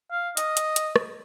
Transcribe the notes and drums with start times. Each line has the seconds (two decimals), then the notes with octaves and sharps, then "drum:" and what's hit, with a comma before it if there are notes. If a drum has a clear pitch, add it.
0.12 F5
0.37 D#5, drum: hi-hat
0.57 drum: hi-hat
0.76 drum: hi-hat
0.96 drum: rim click